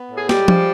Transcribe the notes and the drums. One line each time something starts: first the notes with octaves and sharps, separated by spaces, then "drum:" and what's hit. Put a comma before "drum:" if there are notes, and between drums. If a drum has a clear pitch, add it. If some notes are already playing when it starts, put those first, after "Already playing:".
Already playing: B3
A2
G#4
G3 G#3 G4, drum: snare
F3, drum: tom F3